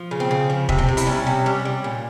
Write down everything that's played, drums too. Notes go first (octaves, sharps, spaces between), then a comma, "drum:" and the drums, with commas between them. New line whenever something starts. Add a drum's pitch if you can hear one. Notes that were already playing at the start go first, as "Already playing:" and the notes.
Already playing: F3
C#3
C4
C#3
F3
C3, drum: kick E1
C4
C3
E4, drum: hi-hat
G3 C#4
C3
G3
G3
A#2